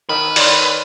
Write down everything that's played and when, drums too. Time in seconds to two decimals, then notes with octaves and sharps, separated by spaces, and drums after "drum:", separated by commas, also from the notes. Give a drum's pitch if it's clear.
0.09 D#3 B4
0.36 D#3 C#5 D5 C6, drum: open hi-hat